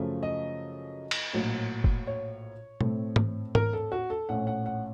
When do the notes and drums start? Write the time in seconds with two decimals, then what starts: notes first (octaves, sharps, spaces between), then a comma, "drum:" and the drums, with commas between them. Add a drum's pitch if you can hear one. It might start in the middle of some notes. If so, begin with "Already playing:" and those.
Already playing: F#2 C#3 F3 A3
0.23 D#5
1.11 drum: cymbal
1.33 A#1 A2 F#3 A#3
1.84 drum: kick F#1
2.07 C#5
2.81 A2 A3 C4, drum: tom B2
3.16 drum: tom G#2
3.55 A#4, drum: tom G#2
3.73 A4
3.92 F#4
4.10 A4
4.29 A#1 A2 A3 C#4 F#5
4.47 F#5
4.66 F#5